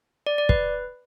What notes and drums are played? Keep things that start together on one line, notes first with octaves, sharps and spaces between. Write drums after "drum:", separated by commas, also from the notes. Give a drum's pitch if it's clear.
D5
D5
B4, drum: kick